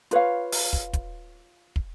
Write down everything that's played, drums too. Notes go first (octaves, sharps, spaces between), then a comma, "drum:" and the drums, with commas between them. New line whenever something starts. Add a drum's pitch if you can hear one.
F4 B4 C#5 F5, drum: hi-hat
drum: open hi-hat
drum: kick
drum: kick, hi-hat
drum: kick